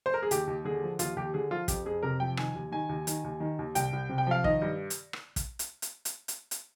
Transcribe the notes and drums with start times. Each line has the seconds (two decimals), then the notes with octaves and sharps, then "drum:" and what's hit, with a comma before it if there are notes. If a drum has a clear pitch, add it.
0.06 C5
0.14 A#4
0.22 G#4
0.31 D#2 G4, drum: hi-hat
0.47 D#2
0.65 D3 G#4
0.83 F3
0.99 D#2 F4, drum: hi-hat
1.17 D#2 G4
1.34 D3 G#4
1.51 F3 F4
1.68 F2 G4, drum: kick, hi-hat
1.85 F2 G#4
2.03 C3 A#4
2.20 F3 G5
2.37 D#3 G#5, drum: rim click
2.55 D#2
2.72 D#3 G#5
2.89 D#2
3.07 D#3, drum: hi-hat
3.24 D#2
3.40 D#3
3.59 D#2
3.75 C2 G5, drum: hi-hat
3.93 C2
4.09 C3
4.18 G5
4.27 F3 F5
4.44 D#3 D#5, drum: kick
4.62 G2
4.90 drum: hi-hat
5.13 drum: rim click
5.36 drum: kick, hi-hat
5.59 drum: hi-hat
5.82 drum: hi-hat
6.05 drum: hi-hat
6.28 drum: hi-hat
6.51 drum: hi-hat